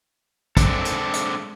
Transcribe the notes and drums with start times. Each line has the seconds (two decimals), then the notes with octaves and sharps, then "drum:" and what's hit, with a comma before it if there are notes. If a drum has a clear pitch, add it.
0.57 G#3 C4 D4 A4, drum: kick, hi-hat
0.85 drum: hi-hat
1.13 drum: hi-hat